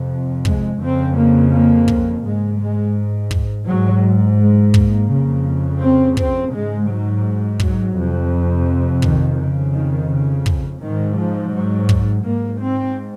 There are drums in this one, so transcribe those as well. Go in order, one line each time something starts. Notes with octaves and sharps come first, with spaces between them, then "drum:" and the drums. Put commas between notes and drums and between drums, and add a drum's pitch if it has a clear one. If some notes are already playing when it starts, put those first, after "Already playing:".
Already playing: F2 C3
G#3, drum: kick
F2 C#3 C4
A#3
A#3
drum: kick
G#2 G#3
G#3
drum: kick
G#2 F#3
G#3
A#3, drum: kick
F2 C#3
C4
C4, drum: kick
G#2 G#3
F#3
F#3, drum: kick
F2 C3
D#3, drum: kick
F2 C#3
D#3
C#3
drum: kick
G#2 D#3
F3
F#3
drum: kick
G#2 A#3
C4